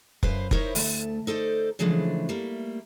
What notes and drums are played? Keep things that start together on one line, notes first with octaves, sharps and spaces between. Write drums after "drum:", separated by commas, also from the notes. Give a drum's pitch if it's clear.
F#2 B4 C5 F5, drum: kick F1
D#4 E4 A#4 C5 C#5, drum: kick F1
D2 A3 A5, drum: open hi-hat
D#4 A4 C5 D5
C#3 E3 F3 G#3 A3 D4
G3 A3 A#3